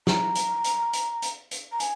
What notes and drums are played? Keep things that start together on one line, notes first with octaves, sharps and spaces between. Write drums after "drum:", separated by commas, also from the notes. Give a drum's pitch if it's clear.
A#5, drum: snare
drum: hi-hat
drum: hi-hat
drum: hi-hat
drum: hi-hat
drum: hi-hat
A#5
G#5, drum: hi-hat